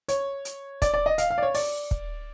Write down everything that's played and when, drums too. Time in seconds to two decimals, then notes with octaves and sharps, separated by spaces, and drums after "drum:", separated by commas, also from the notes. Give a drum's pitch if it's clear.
0.08 C#5, drum: hi-hat
0.45 drum: hi-hat
0.82 D5, drum: kick, hi-hat
0.94 D5
1.06 D#5
1.18 F5, drum: hi-hat
1.30 F5
1.38 D5
1.42 C#5
1.55 D5, drum: open hi-hat
1.91 drum: kick